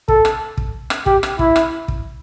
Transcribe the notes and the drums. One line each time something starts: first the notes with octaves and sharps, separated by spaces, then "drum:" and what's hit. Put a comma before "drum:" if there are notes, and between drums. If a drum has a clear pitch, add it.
A4, drum: kick
drum: rim click
drum: kick
drum: rim click
G4, drum: kick
drum: rim click
E4, drum: kick
drum: rim click
drum: kick